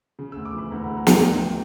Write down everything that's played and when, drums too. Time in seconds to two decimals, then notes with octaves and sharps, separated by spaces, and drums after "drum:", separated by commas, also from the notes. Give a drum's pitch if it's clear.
0.19 C#3
0.32 E6
0.37 D2
0.45 D6
0.53 E3
0.58 B5
0.71 D2 A#5
0.84 F#5
0.89 C#3
0.97 A#5
1.07 D2 G5, drum: snare
1.23 D2 G5
1.41 E3